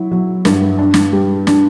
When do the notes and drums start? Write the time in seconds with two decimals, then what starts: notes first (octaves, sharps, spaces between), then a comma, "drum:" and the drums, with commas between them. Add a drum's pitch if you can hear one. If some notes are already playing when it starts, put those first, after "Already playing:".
Already playing: F#3 E4
0.11 F#3
0.45 G2, drum: snare
0.79 D4
0.94 drum: snare
1.13 G3
1.47 D4, drum: snare